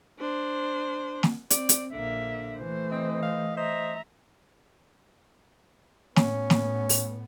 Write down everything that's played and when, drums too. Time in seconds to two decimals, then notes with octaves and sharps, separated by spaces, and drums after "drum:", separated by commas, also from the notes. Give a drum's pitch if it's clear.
0.19 D4 C5
1.23 drum: snare
1.50 C4 D5, drum: hi-hat
1.69 drum: hi-hat
1.93 A#1 D3 A#3 E5
2.59 E3 A3 C5
2.91 C4 D#5
3.22 F5
3.57 C5 D#5 E5 A#5
6.16 A2 B3 C#4, drum: snare
6.50 drum: snare
6.89 drum: open hi-hat